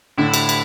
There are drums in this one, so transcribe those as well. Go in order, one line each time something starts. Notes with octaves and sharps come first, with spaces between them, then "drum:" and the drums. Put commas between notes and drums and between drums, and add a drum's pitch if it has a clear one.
A2 D3 E4
drum: cymbal
drum: cymbal